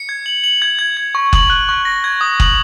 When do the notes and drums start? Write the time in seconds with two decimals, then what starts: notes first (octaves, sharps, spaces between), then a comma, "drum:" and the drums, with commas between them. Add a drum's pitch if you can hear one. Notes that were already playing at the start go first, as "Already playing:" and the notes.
Already playing: C#7
0.09 G#6
0.26 F#7
0.44 F#7
0.62 G#6
0.79 G#6
0.97 G#6
1.15 C#6
1.33 F#7, drum: kick F#1
1.50 F#6
1.69 C#6
1.85 A#6
2.04 G#6
2.21 D#6
2.40 F#7, drum: kick F#1